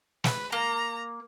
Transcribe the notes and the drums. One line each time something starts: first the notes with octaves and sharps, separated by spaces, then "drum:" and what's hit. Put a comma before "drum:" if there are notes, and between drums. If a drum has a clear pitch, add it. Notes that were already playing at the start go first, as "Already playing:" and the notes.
B4, drum: snare
A#3 A#5